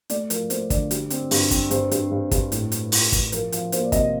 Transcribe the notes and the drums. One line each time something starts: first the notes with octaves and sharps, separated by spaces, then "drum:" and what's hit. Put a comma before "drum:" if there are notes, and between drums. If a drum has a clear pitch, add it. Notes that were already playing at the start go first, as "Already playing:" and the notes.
A3 D5, drum: hi-hat
F3 A#4, drum: hi-hat
A3 C5, drum: hi-hat
D3 D5, drum: kick, hi-hat
G3, drum: hi-hat
C4, drum: hi-hat
G2, drum: open hi-hat
C4, drum: kick, hi-hat
G2 C5, drum: hi-hat
G2, drum: hi-hat
G2
G2, drum: kick, hi-hat
A2, drum: hi-hat
G3, drum: hi-hat
A2, drum: open hi-hat
G3, drum: kick, hi-hat
F3 A#4, drum: hi-hat
F3, drum: hi-hat
A#3 C5, drum: hi-hat
D5
C3 D#5, drum: kick, hi-hat